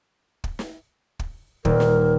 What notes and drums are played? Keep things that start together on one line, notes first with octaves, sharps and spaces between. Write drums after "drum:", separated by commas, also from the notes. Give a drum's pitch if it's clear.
drum: kick
drum: snare
drum: kick
D#1 A#4, drum: kick
drum: snare